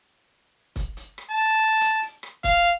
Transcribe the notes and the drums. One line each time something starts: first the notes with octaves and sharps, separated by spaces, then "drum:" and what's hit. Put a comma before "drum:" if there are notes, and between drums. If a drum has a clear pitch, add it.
drum: kick, hi-hat
drum: hi-hat
drum: rim click
A5
drum: hi-hat
drum: open hi-hat
drum: rim click
F5, drum: kick, hi-hat